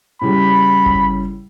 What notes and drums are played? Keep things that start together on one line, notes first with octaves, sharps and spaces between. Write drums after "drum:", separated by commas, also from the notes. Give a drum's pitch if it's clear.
A2 C#3 G3 B5
drum: kick G1